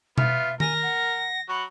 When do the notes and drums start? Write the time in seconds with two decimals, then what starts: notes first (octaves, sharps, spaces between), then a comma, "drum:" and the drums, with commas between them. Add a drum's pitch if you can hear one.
0.18 B3 F4 E5 F6, drum: tom B2
0.60 A#4 G#5 A#6, drum: tom D#3
0.82 F#5
1.49 F#3 F#4 B5